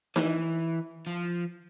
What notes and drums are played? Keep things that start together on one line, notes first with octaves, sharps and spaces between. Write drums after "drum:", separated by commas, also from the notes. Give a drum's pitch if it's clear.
E3, drum: snare D#4
F3